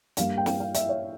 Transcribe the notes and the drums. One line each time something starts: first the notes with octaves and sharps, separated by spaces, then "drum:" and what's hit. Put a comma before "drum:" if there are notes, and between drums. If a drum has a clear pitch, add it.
G2 G3 A#3 F5, drum: hi-hat
G5
F5, drum: snare
F5
E5, drum: hi-hat
C#5